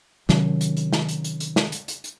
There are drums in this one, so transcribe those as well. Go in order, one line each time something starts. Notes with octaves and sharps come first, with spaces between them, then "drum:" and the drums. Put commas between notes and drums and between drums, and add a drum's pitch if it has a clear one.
C3 D#3 F#3 C#4, drum: snare
drum: hi-hat
drum: hi-hat
drum: snare
drum: hi-hat
drum: hi-hat
drum: hi-hat
drum: snare
drum: hi-hat
drum: hi-hat
drum: hi-hat